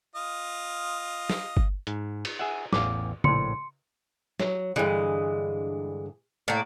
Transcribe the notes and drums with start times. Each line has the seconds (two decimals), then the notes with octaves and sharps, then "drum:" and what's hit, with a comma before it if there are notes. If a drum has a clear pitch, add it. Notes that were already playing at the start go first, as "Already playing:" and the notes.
0.15 F4 D#5
1.30 drum: snare
1.57 drum: kick G1
1.87 G#2, drum: hi-hat
2.25 drum: cymbal
2.39 G#4 E5 F#5
2.73 A1 E2 F5 D6, drum: snare
3.24 A#1 A2 C6 C#7, drum: tom C#3
4.40 F#3, drum: snare
4.76 G2 D3 E3 G#3
6.48 A2 A#3